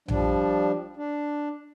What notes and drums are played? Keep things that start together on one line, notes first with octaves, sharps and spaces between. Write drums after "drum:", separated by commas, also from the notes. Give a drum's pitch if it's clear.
F3 G3 D4, drum: tom A#1
D4